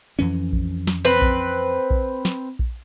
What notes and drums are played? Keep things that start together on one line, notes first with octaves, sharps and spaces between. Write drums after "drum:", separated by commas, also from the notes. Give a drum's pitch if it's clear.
F2 E3 C#4
drum: kick A#1
drum: snare
C4 B4
drum: kick A#1
drum: kick A#1
drum: snare
drum: kick A#1